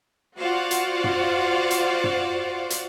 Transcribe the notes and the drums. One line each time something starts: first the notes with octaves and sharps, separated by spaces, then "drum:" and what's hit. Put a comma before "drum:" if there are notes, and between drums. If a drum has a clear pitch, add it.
F4 F#4 C5 D5 F5 F#5
drum: hi-hat
drum: tom
drum: hi-hat
drum: tom
drum: hi-hat